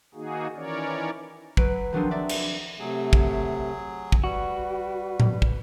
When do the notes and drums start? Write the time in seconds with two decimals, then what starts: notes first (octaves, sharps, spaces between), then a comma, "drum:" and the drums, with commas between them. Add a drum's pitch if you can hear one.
0.14 D#3 A#3 D#4 F#4 G#4
0.55 D#3 E3 C#4 A#4 C#5 D5
1.57 F#3 B4 D7, drum: kick
1.93 D#3 F3 F#3 C4 D4 G#4
2.11 D4 D5 E5
2.29 drum: cymbal
2.79 C3 F#3 A3 G#4
3.13 drum: kick
4.12 drum: kick
4.24 G3 F#4 B4
5.20 drum: tom A2
5.42 drum: kick